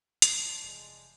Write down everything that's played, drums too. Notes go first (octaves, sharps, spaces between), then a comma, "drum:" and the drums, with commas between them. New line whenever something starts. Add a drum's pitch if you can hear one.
D2 E3 D5 A5 C6 G6, drum: hi-hat
F1 G#3